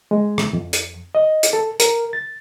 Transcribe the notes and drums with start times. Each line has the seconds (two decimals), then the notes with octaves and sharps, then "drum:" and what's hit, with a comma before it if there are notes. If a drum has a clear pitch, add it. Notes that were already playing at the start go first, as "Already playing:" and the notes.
0.11 G#3
0.38 drum: rim click
0.53 F2
0.73 drum: hi-hat
1.15 D#5
1.43 drum: hi-hat
1.53 A4
1.80 A#4, drum: hi-hat
2.13 A6